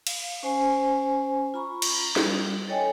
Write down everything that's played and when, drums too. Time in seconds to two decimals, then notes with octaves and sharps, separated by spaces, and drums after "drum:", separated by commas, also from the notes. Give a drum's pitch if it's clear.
0.07 F5, drum: cymbal
0.43 C#4 C5 G#5
1.54 F4 A#5 B5 C#6
1.82 drum: cymbal
2.16 G3, drum: snare
2.68 A4 C#5 D#5 G5 G#5